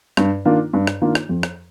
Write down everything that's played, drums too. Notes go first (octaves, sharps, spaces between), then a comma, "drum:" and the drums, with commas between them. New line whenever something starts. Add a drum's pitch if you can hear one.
G2, drum: rim click
D#3 A#3 D4 F4
G2
drum: rim click
D#3 A#3 D4 F4
drum: rim click
F2
drum: rim click